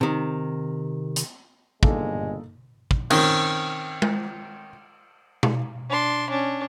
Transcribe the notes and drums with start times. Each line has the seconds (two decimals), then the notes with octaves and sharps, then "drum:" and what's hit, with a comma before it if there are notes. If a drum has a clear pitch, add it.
0.01 C3 D#3
1.16 drum: hi-hat
1.83 G1 G#3 A#3 D#4 A4, drum: kick
2.91 drum: kick
3.10 D#3 C4 C#4, drum: cymbal
4.02 drum: tom G#3
5.43 drum: tom B2
5.90 D4 C6
6.30 C#4 D4